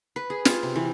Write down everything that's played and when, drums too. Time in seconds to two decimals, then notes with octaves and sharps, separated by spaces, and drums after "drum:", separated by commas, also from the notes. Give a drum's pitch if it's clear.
0.16 B4
0.30 G#4
0.45 F4, drum: snare
0.63 C3
0.76 E3